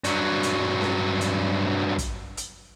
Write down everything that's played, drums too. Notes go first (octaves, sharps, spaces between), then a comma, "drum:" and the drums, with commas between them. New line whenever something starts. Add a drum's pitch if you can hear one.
G2 F#3, drum: hi-hat
drum: hi-hat
drum: snare C#4
drum: hi-hat
drum: kick, hi-hat
drum: hi-hat